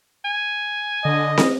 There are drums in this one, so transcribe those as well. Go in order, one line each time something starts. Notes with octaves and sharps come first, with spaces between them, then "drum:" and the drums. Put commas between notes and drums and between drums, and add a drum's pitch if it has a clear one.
G#5
D3 D#5
drum: snare